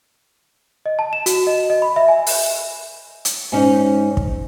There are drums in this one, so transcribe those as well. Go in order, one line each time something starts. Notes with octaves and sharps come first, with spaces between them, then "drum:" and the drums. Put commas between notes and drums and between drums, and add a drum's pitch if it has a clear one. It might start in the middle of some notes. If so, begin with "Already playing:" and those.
D#5
A5
E7
F#4, drum: hi-hat
D#5
D#5
B5
E5
G#5
drum: open hi-hat
drum: hi-hat
G#2 C#4 D#4
drum: kick